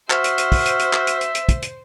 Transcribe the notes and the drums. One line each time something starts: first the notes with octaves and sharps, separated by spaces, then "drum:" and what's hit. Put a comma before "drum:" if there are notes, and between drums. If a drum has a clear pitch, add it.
F#4 C5 E5 F6, drum: clap
drum: hi-hat
drum: hi-hat
drum: kick, open hi-hat
drum: hi-hat
drum: hi-hat
drum: clap
drum: hi-hat
drum: hi-hat
drum: hi-hat
drum: kick, hi-hat
drum: hi-hat